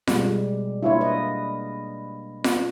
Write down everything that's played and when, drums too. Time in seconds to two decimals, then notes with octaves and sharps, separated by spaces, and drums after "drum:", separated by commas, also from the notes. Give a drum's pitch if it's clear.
0.07 B2 G3 G#3, drum: snare F4
0.83 A#3 D4 E4 F4 C#5
1.01 B4 D#5
2.44 drum: snare F4